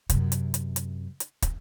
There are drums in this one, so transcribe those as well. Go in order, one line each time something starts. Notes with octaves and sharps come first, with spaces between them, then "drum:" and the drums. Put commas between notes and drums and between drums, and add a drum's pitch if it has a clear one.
F#2 C3, drum: kick, hi-hat
drum: hi-hat
drum: hi-hat
drum: hi-hat
drum: hi-hat
drum: kick, hi-hat